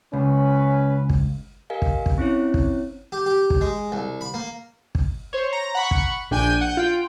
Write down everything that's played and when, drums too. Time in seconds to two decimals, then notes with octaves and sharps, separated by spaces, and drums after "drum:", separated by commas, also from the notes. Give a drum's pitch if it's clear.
0.13 C#2 C#4 B4
1.10 drum: kick
1.70 G4 A#4 D#5 F5 G#5
1.82 drum: kick
2.06 drum: kick
2.18 C4 C#4 E4 C#5
2.54 drum: kick
3.12 G4
3.26 G4
3.50 drum: kick
3.61 G#3
3.92 C2
4.21 B5
4.34 A#3
4.95 drum: kick
5.33 C5 C#5
5.53 A#5
5.75 F#5 B5 C#6
5.91 drum: kick
6.31 A#1 D4 G5 G#5 G6 D#7
6.61 F#5 G6
6.77 F4 G5